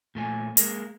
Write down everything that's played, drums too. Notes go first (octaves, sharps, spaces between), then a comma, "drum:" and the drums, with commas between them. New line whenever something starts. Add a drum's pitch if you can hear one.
A#2 A3 G#5
G#3 A#3 A#4, drum: hi-hat